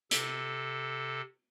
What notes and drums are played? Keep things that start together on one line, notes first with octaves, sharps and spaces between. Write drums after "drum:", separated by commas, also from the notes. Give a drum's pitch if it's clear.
C3 A4, drum: hi-hat